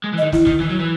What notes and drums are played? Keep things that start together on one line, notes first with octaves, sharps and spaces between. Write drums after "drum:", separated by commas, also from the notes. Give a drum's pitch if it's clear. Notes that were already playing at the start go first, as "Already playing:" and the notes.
G#3
E3
D#5
D#3
E4, drum: snare
D#3, drum: kick
E3
F#3
E3